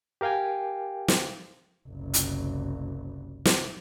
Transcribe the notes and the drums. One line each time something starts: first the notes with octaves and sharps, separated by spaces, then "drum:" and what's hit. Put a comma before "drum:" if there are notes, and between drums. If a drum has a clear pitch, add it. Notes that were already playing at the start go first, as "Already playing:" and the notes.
G4 A#4 F5 G5 G#5
drum: snare
F#1 C2
drum: hi-hat
drum: snare